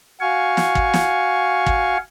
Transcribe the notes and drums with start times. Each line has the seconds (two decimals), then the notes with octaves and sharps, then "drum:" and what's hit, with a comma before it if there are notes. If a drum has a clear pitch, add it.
0.21 F#4 F5 G#5 C#6
0.57 drum: snare
0.75 drum: kick
0.94 drum: snare
1.66 drum: kick